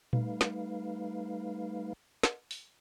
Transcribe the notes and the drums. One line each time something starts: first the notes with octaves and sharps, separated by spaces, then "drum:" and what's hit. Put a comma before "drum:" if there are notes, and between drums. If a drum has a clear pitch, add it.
G3 A3 D#4 B4 F5, drum: tom A#2
drum: snare
drum: snare
drum: open hi-hat